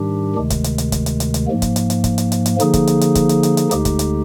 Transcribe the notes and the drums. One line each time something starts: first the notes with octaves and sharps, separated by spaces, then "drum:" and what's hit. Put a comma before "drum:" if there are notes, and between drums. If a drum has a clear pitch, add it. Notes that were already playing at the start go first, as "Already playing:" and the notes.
Already playing: G#2 D#3 G3 D4 G4
D2 C3 D#3 G#3
drum: kick, hi-hat
drum: hi-hat
drum: hi-hat
drum: kick, hi-hat
drum: hi-hat
drum: hi-hat
drum: hi-hat
G#2 F3 A#3
drum: kick, hi-hat
drum: hi-hat
drum: hi-hat
drum: kick, hi-hat
drum: hi-hat
drum: hi-hat
drum: hi-hat
D3 F3 A#3 D#4 G#4, drum: hi-hat
drum: kick, hi-hat
drum: hi-hat
drum: hi-hat
drum: kick, hi-hat
drum: hi-hat
drum: hi-hat
drum: hi-hat
D2 D3 G#3 D#4 G4, drum: hi-hat
drum: kick, hi-hat
drum: hi-hat